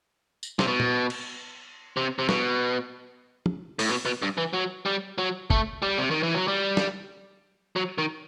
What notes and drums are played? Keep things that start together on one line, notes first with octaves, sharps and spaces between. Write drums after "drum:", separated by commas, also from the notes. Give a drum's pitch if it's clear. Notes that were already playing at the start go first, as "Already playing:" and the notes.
drum: tambourine
C3, drum: snare
B2
drum: tom
drum: cymbal
C3
C3
B2, drum: snare
drum: tom
A2, drum: open hi-hat
B2
B2
G2
E3
F#3
G3
F#3
A3, drum: kick F#1
G3
C3
D#3
E3
F#3
G3
drum: snare
F#3
D#3